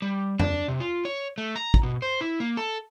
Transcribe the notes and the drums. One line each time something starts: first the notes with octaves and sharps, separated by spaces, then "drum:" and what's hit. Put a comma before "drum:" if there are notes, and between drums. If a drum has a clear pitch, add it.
G3
D4, drum: tom F2
C3
F4
C#5
A3
A#5
drum: kick
B2
C5
E4
A#3
A4